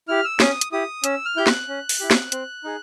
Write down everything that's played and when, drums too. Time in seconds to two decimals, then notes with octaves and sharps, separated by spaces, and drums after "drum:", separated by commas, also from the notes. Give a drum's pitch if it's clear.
0.08 E4 G4 F6
0.24 E6
0.40 C#4 D#6, drum: snare
0.61 drum: hi-hat
0.72 E4 G4 D#6
1.04 C#4 E6, drum: hi-hat
1.25 F6
1.36 E4 G4 G6
1.47 F#6, drum: snare
1.68 C#4
1.89 drum: open hi-hat
2.00 E4 G4
2.11 drum: snare
2.32 C4, drum: hi-hat
2.64 D#4 G#4